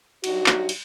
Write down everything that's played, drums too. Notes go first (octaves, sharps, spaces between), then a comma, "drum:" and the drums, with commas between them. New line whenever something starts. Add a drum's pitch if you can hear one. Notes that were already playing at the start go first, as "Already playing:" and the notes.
G2 F#3 D#4 F#4, drum: cymbal
drum: clap
drum: cymbal